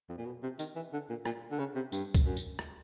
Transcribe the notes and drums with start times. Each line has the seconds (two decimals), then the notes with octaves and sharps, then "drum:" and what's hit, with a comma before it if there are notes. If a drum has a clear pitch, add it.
0.09 F2
0.18 A#2
0.26 B2
0.43 C3
0.59 D#3, drum: tambourine
0.76 E3
0.93 D3
1.10 A#2
1.25 A#2, drum: rim click
1.51 D3
1.59 C#3
1.76 C3
1.92 G2, drum: tambourine
2.15 drum: kick, tambourine
2.26 F#2
2.37 drum: tambourine
2.59 drum: rim click